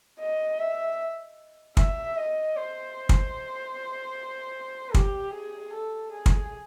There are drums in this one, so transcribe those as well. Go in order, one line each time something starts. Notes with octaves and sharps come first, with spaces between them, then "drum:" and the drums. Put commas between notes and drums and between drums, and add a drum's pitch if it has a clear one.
D#5
E5
E5, drum: kick
D#5
C5
drum: kick
G4, drum: kick
G#4
A4
G#4
drum: kick